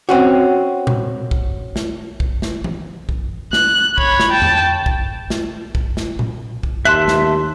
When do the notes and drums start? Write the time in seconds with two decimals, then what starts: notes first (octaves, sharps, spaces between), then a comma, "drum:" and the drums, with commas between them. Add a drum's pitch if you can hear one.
0.09 C4 C#4 F#4
0.87 drum: tom A#2
1.31 drum: kick
1.76 drum: snare
2.20 drum: kick
2.42 drum: snare
2.64 drum: tom E3
3.09 drum: kick
3.53 F#6, drum: snare
3.98 C#5 B5, drum: kick
4.20 drum: snare
4.32 G5 A5
4.42 drum: tom E2
4.86 drum: kick
5.30 drum: snare
5.75 drum: kick
5.97 drum: snare
6.19 drum: tom A#2
6.63 drum: kick
6.85 D#2 E5 A5 C6 F#6
7.08 drum: snare